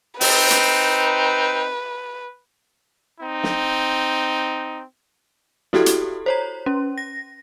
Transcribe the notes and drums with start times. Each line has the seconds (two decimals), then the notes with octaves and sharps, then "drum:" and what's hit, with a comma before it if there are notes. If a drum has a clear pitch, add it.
0.21 C4 D#4 B4, drum: open hi-hat
0.50 drum: hi-hat
3.21 C4 D#4
3.44 drum: snare
5.73 E4 F#4 G4 A4, drum: snare
5.86 drum: hi-hat
6.26 C5 C#5 A#5
6.66 C#4
6.98 A#6